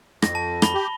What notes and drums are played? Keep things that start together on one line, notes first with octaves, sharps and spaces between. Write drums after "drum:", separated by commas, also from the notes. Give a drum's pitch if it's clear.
F2 A#6, drum: rim click
A5
B5 G7, drum: rim click
G4